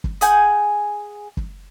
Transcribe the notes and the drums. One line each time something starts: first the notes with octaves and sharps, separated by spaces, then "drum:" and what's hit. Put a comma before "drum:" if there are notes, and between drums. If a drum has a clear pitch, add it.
drum: kick F#1
G#4 F#5 G#5 G6, drum: hi-hat
drum: kick F#1